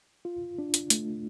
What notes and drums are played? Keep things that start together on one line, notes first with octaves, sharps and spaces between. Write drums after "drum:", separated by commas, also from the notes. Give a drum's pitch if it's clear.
F4
D4
drum: hi-hat
A3, drum: hi-hat